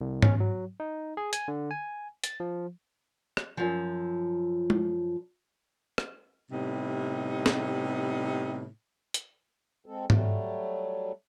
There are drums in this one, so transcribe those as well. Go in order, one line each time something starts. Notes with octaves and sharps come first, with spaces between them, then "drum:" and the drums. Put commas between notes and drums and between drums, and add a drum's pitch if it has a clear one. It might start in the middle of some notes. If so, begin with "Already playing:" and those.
C2
C#4, drum: tom G#2
F#3
D#4
G#4
G#5, drum: hi-hat
D3
G#5
A6, drum: hi-hat
F3
drum: rim click
F#2 F3
drum: tom G#3
drum: rim click
A2 C3 G3 B3 D#4
drum: snare
drum: hi-hat
G#3 C4 A4
F#3 G3 A3, drum: tom G#2